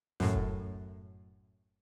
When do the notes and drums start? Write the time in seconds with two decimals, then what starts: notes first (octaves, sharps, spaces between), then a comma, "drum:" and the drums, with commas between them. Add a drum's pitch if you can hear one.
0.20 F#2 A2, drum: snare
0.33 drum: kick F1